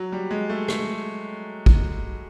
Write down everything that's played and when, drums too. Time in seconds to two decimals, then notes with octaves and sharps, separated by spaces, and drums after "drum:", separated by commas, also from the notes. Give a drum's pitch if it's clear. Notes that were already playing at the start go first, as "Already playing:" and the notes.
Already playing: F#3
0.12 G3
0.31 G#3
0.50 A3
0.68 A3, drum: rim click
1.66 drum: kick